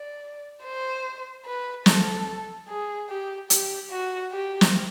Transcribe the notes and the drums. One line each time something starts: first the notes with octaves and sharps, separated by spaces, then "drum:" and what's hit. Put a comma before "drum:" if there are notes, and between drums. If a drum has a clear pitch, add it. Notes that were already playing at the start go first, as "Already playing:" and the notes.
Already playing: D5
C5
B4
A4, drum: snare
G#4
G4
G4, drum: hi-hat
F#4
G4
drum: snare